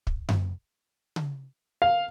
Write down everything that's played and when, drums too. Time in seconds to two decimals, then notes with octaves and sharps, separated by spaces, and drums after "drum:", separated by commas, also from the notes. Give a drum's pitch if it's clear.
0.07 drum: kick
0.29 drum: tom F#2
1.16 drum: tom C#3
1.82 F5